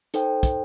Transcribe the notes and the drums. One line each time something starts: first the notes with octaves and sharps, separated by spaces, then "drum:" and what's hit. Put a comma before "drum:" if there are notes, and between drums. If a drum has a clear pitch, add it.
D#4 A4 C5 G5, drum: hi-hat
drum: kick, hi-hat